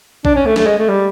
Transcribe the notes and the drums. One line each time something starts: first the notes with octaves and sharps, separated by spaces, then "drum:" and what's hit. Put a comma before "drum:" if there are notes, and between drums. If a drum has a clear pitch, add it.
D4, drum: kick A#1
C#4
A3
A3, drum: snare
G#3
A3
G3